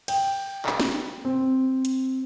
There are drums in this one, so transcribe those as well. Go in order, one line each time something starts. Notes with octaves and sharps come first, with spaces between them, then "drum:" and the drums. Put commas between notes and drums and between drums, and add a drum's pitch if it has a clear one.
G5, drum: cymbal
drum: clap
drum: snare
C4
drum: hi-hat